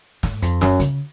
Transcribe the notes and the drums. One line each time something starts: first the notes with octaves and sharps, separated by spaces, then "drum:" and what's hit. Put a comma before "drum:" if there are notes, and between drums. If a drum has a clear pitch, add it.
G#2, drum: snare
F2, drum: hi-hat
F#2, drum: snare
C#3, drum: hi-hat